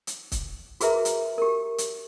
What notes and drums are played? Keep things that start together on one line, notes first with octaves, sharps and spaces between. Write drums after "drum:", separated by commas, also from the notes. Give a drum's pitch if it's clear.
drum: hi-hat
drum: kick, hi-hat
F#4 G#4 A#4 B4 E5 A#5, drum: hi-hat
drum: hi-hat
G4 A#4
drum: hi-hat